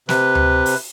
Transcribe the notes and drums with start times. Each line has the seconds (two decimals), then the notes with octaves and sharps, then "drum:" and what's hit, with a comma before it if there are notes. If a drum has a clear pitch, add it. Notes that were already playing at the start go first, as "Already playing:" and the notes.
0.09 C3 B4, drum: snare
0.35 drum: tom D2
0.66 drum: open hi-hat